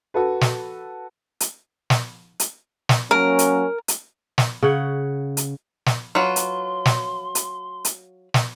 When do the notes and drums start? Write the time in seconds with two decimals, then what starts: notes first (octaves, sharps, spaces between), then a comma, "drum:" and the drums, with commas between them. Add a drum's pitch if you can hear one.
0.14 F#4 A4 B4
0.41 drum: snare
1.40 drum: hi-hat
1.90 drum: snare
2.40 drum: hi-hat
2.89 drum: snare
3.11 F#3 A#3 C#4 A#4
3.39 drum: hi-hat
3.88 drum: hi-hat
4.38 drum: snare
4.63 C#3 C#5 F#5
5.37 drum: hi-hat
5.86 drum: snare
6.15 F#3 F4 B4 C6
6.36 drum: hi-hat
6.85 drum: snare
7.35 drum: hi-hat
7.85 drum: hi-hat
8.34 drum: snare